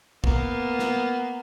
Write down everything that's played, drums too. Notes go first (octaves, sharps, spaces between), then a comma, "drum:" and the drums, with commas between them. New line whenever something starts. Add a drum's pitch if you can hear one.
A#3 B3, drum: kick
drum: snare